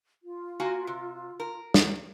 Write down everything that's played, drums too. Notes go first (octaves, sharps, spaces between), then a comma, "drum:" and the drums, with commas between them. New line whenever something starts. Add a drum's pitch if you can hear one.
F4
A#3 F#4 G#5
C3
A#4
drum: snare